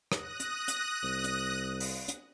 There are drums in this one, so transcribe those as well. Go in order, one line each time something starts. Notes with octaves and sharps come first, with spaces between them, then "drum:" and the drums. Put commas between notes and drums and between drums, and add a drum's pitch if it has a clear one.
D#6 F#6 A#6, drum: rim click
drum: hi-hat
drum: hi-hat
C2
drum: hi-hat
drum: open hi-hat
drum: hi-hat